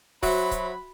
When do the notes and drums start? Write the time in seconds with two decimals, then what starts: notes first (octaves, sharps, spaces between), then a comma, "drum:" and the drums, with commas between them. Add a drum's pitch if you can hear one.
0.23 F#3 F#4 C5 E5 B5, drum: kick C#1, open hi-hat
0.51 drum: kick C#1, hi-hat